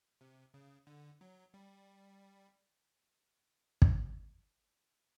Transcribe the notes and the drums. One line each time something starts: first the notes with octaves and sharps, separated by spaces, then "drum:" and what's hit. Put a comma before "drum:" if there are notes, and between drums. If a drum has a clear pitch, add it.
C3
C#3
D3
F#3
G3
drum: kick